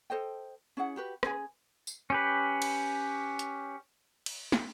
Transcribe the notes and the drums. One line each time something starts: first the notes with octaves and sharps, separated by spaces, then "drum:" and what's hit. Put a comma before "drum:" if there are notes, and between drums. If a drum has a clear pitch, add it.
A4 C5 D#5 G5
C#4 E4 G#4 F#5
F#4 G4 B4
C#4 G#4 G#5, drum: rim click
drum: tambourine
C#4 G4 B4
drum: cymbal
drum: hi-hat
drum: cymbal
drum: snare